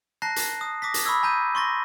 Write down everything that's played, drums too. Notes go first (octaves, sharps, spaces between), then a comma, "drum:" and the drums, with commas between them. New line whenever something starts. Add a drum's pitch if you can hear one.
A5 A#5 F#6 A#6 C7
drum: hi-hat
D#6
D6 D#6 A#6 B6
drum: hi-hat
B5 C#6 D#6 E6 G#6
G#5 A#5 G6 D#7
C6 C#6 A6 A#6